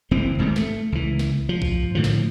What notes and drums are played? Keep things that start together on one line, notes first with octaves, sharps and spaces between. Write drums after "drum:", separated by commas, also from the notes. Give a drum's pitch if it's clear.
F#1 E3 C4
E1 G#2 D#3 G3
A3, drum: snare
C#2 E3
drum: snare
F3
drum: kick A#1
drum: tom G2
A2 D3 F3
drum: snare